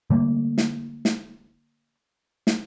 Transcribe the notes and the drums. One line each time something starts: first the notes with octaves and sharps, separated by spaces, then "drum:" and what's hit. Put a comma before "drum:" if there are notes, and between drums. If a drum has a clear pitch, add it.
D3 G3 A3 A#3
drum: snare
drum: snare
drum: snare